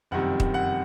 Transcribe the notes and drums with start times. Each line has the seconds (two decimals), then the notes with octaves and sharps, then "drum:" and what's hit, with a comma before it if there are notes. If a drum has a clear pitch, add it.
0.11 F#1 F2 C3 D#3 G3 F#5
0.40 drum: kick
0.54 F#5